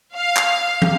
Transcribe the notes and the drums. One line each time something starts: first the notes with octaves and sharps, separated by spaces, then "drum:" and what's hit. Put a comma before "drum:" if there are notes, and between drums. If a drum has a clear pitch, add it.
F5
drum: clap
drum: tom